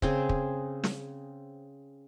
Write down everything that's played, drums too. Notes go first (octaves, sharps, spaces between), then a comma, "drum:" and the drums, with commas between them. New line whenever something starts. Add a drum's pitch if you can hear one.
C#3 C4 G#4, drum: kick
drum: kick
drum: snare